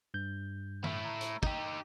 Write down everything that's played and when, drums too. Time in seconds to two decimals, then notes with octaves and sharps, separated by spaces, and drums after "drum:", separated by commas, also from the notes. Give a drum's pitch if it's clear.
0.14 G2 G6
0.84 A3 E4, drum: tom D#3
1.05 A#5
1.21 drum: hi-hat
1.43 D#4 G4, drum: kick